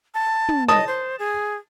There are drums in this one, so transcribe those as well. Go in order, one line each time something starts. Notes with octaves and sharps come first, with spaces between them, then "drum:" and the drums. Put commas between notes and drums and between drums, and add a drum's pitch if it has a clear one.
A5
drum: tom
D#5 A5 D#6
C5
G#4